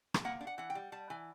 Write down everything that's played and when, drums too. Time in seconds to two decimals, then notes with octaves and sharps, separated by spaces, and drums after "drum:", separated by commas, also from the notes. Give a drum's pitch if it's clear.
0.14 drum: rim click
0.25 A#3 F#5
0.41 D4
0.47 F#5
0.58 E3 F#5
0.70 G5
0.75 G3
0.92 G3 A5
1.10 E3 G#5